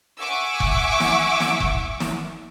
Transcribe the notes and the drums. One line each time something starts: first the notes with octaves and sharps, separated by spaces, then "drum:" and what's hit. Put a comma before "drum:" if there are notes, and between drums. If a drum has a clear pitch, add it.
E5 F#5 G#5 C#6 D6 E6
drum: kick F1
drum: snare
drum: snare
drum: kick F1
drum: snare